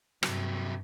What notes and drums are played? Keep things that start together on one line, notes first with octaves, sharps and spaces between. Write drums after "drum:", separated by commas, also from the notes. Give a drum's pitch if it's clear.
G2 C3 F#3, drum: rim click